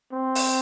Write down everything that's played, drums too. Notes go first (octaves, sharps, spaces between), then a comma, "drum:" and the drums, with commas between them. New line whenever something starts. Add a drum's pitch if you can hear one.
C4
drum: open hi-hat